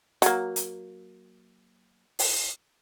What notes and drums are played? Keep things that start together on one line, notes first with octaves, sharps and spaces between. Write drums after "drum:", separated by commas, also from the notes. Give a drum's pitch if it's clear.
F#3 A#3, drum: hi-hat
drum: hi-hat
drum: open hi-hat